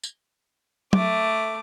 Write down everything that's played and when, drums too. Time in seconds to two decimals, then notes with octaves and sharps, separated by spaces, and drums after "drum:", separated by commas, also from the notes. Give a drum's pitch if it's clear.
0.03 drum: tambourine
0.93 A3 D6, drum: tom F#3